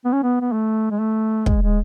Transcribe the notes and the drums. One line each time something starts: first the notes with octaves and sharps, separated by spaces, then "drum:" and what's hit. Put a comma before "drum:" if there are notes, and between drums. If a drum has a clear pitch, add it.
B3
C#4
B3
B3
A3
G#3
A3
G#3, drum: kick
G#3